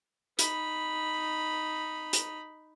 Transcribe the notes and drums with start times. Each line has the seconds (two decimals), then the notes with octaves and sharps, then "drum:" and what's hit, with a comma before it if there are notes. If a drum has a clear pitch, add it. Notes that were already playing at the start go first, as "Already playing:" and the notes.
0.39 D#4 B5, drum: hi-hat
2.13 drum: hi-hat